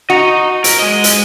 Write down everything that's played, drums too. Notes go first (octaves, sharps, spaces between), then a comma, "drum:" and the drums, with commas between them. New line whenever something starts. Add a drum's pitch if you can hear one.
F#4 D#5 A#5
A#4, drum: hi-hat
G#3 D#5
drum: hi-hat